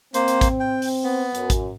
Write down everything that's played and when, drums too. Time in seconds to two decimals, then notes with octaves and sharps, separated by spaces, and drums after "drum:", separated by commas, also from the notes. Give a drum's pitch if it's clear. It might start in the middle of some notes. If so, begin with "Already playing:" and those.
0.14 A#3 C4 C5, drum: hi-hat
0.28 drum: hi-hat
0.41 drum: kick A1, hi-hat
0.60 G5
0.82 drum: open hi-hat
1.04 B3
1.35 F#2, drum: hi-hat
1.50 drum: kick A1, hi-hat